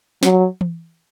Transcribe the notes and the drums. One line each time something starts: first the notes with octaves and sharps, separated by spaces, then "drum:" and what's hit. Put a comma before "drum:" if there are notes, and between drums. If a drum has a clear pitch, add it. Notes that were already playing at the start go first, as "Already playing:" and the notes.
F#3, drum: snare
drum: tom E3